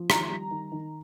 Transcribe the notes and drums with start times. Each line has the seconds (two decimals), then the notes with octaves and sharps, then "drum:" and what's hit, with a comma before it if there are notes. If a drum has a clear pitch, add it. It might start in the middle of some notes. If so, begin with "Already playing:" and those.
Already playing: F3
0.10 D#3 A#5, drum: rim click
0.30 G3
0.51 D#3
0.72 D#3